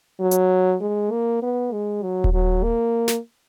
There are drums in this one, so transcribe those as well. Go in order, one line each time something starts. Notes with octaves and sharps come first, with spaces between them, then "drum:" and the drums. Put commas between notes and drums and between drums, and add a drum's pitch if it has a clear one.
F#3
drum: hi-hat
G#3
A#3
B3
G#3
F#3
drum: kick D#1
F#3
A#3
drum: snare